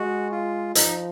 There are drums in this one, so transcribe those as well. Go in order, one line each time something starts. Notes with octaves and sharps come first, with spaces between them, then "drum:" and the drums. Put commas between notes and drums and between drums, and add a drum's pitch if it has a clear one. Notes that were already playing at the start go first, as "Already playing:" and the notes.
Already playing: G#3 F#4
F4
F3 D#4, drum: hi-hat